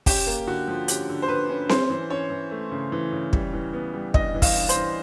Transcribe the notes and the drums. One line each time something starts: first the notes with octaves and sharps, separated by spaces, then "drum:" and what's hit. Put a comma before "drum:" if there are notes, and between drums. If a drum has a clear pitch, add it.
C#4 G4, drum: kick, open hi-hat
A#3
D3 F#4
F3
C#4 G4, drum: hi-hat
D3
C5
D3 B4
C#4
C#4 C5, drum: snare C4
E3
C#4 C#5
E3
A3
C#3
E3
C#3
G3, drum: kick
E3
B3
G3
D4 D#5, drum: kick
E3
F5, drum: kick, open hi-hat
D4
C5, drum: hi-hat
E3